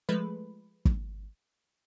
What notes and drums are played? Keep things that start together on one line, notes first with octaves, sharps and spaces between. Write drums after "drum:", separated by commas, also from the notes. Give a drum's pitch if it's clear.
F3 G#3 A3 B4
drum: kick